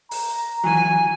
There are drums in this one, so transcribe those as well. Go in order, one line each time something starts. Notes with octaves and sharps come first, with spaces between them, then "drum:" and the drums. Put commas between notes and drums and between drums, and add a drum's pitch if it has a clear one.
A#5, drum: open hi-hat
E3 F#3 G#5